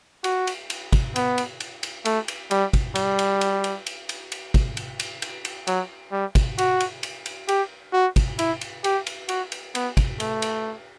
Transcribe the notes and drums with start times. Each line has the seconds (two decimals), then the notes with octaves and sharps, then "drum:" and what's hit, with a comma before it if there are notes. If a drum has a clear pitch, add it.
0.24 F#4, drum: cymbal
0.47 drum: cymbal
0.70 drum: cymbal
0.93 drum: kick, cymbal
1.16 B3, drum: cymbal
1.38 drum: cymbal
1.60 drum: cymbal
1.83 drum: cymbal
2.05 A3, drum: cymbal
2.28 drum: cymbal
2.51 G3, drum: cymbal
2.73 drum: kick, cymbal
2.95 G3, drum: cymbal
3.19 drum: cymbal
3.41 drum: cymbal
3.64 drum: cymbal
3.86 drum: cymbal
4.09 drum: cymbal
4.32 drum: cymbal
4.54 drum: kick, cymbal
4.77 drum: cymbal
5.00 drum: cymbal
5.22 drum: cymbal
5.45 drum: cymbal
5.67 F#3, drum: cymbal
6.12 G3
6.35 drum: kick, cymbal
6.58 F#4, drum: cymbal
6.80 drum: cymbal
7.03 drum: cymbal
7.26 drum: cymbal
7.48 G4, drum: cymbal
7.93 F#4
8.16 drum: kick, cymbal
8.39 E4, drum: cymbal
8.61 drum: cymbal
8.84 G4, drum: cymbal
9.07 drum: cymbal
9.29 F#4, drum: cymbal
9.52 drum: cymbal
9.75 B3, drum: cymbal
9.97 drum: kick, cymbal
10.20 A3, drum: cymbal
10.42 drum: cymbal